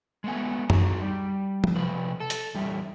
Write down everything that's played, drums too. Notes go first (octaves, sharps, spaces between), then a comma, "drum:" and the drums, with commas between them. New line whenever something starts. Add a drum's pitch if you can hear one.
G#3 A3 B3 G#5
D#4 F#4 G#4, drum: tom F#2
G3
drum: tom
C3 F3 B4
A4
drum: hi-hat
E2 G3 E5